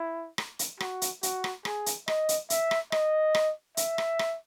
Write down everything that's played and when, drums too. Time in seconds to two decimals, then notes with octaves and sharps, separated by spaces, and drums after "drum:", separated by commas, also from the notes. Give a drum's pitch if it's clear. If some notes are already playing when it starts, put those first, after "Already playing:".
Already playing: E4
0.38 drum: rim click
0.59 drum: hi-hat
0.80 F#4, drum: rim click
1.02 drum: hi-hat
1.23 F#4, drum: hi-hat
1.44 drum: rim click
1.65 G#4, drum: rim click
1.86 drum: hi-hat
2.08 D#5, drum: rim click
2.29 drum: hi-hat
2.50 E5, drum: hi-hat
2.71 drum: rim click
2.92 D#5, drum: rim click
3.35 drum: rim click
3.77 E5, drum: hi-hat
3.98 drum: rim click
4.19 drum: rim click